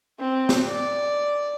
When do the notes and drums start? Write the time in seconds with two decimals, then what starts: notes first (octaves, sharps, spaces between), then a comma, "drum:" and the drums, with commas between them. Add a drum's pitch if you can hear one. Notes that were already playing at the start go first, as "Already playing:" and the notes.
0.20 C4
0.49 drum: snare
0.69 D5